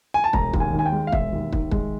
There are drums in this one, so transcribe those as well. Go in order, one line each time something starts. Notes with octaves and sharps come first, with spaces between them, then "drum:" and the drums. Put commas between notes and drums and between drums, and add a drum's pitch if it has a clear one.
G#5
A5
E1 A#5, drum: kick
D#2, drum: kick
G#5
D#3
G#5
G5
G#3
F5
E1 E5, drum: kick
D#2
D#3, drum: kick
G#3, drum: kick